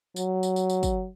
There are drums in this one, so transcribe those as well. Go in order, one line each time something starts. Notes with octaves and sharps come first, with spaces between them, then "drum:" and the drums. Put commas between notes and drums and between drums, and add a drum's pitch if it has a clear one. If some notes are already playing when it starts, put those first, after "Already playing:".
F#3, drum: tambourine
drum: tambourine
drum: tambourine
drum: tambourine
drum: kick, tambourine